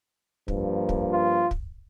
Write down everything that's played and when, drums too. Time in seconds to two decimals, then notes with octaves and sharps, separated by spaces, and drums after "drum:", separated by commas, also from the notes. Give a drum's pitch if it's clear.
0.48 G2 F3 A#3, drum: kick
0.89 drum: kick
1.10 F4
1.51 drum: kick